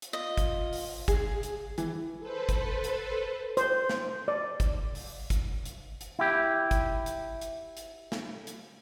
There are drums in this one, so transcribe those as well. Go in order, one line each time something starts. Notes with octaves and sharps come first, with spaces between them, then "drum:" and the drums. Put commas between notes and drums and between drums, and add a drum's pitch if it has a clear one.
drum: hi-hat
F4 D#5
drum: kick, hi-hat
drum: open hi-hat
G#4, drum: kick, hi-hat
drum: hi-hat
E3, drum: hi-hat
A4 B4 C5
drum: kick, hi-hat
drum: hi-hat
C5, drum: hi-hat
drum: snare
D5
drum: kick, hi-hat
drum: open hi-hat
drum: kick, hi-hat
drum: hi-hat
drum: hi-hat
E4 G4
drum: kick, hi-hat
drum: hi-hat
drum: hi-hat
drum: hi-hat
drum: snare
drum: hi-hat